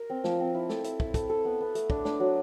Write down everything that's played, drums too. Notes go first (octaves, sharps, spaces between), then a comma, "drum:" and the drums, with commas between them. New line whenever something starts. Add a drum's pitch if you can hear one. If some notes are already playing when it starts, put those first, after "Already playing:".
Already playing: A#4
C4
F3, drum: snare
C4
E4
A4, drum: snare
E4, drum: hi-hat
E4, drum: kick
A4, drum: kick, hi-hat
A4
B3
B3
A3, drum: hi-hat
D4, drum: kick
D4, drum: snare
F#3